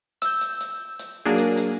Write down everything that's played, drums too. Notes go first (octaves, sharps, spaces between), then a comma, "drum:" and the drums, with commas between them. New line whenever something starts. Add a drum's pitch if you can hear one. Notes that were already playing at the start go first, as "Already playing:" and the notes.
E6 G6, drum: hi-hat
drum: hi-hat
drum: hi-hat
drum: hi-hat
F#3 A#3 D4 G#4
drum: hi-hat
drum: hi-hat